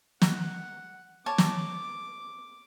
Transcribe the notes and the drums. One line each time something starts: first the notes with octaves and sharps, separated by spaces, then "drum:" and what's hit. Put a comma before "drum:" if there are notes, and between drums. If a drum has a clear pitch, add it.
F#5, drum: snare
C#5 A5 D6
drum: snare